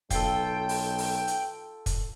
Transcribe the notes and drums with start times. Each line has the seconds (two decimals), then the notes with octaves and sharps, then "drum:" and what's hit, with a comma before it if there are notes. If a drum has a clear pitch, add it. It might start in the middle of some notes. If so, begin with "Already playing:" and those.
0.10 B1 F4 A4 G5, drum: kick, hi-hat
0.69 drum: open hi-hat
0.98 drum: open hi-hat
1.27 drum: hi-hat
1.86 drum: kick, hi-hat